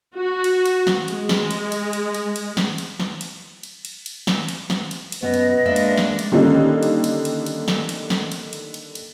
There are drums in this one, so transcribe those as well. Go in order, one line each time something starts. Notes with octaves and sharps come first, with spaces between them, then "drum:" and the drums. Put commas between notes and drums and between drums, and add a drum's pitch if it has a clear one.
F#4
drum: cymbal
drum: cymbal
drum: snare
G#3, drum: cymbal
drum: snare
drum: cymbal
drum: cymbal
drum: cymbal
drum: cymbal
drum: cymbal
drum: snare
drum: cymbal
drum: snare
drum: cymbal
drum: cymbal
drum: cymbal
drum: cymbal
drum: snare
drum: cymbal
drum: snare
drum: cymbal
drum: cymbal
F#2 B2 B3 B4 D#5
drum: cymbal
G#3 A#3 D4 D5 E5
drum: cymbal
drum: snare
drum: cymbal
D3 D#3 G3 A#3 C#4 D#4
drum: cymbal
drum: cymbal
drum: cymbal
drum: cymbal
drum: snare
drum: cymbal
drum: snare
drum: cymbal
drum: cymbal
drum: cymbal
drum: cymbal